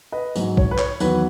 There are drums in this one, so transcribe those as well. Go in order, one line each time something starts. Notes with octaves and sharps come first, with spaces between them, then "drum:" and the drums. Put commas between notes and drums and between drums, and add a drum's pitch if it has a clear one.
B4 D#5
G#2 F#3, drum: tambourine
C#5, drum: kick B1
B4
C#5, drum: clap
E2 D#3 F#3 B4, drum: tambourine